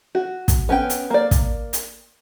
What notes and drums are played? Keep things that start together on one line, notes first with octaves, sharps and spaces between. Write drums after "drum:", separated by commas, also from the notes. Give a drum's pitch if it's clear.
F#4
drum: kick, hi-hat
B3 C#4 D4 G5
drum: hi-hat
A#3 D5
drum: kick, hi-hat
drum: hi-hat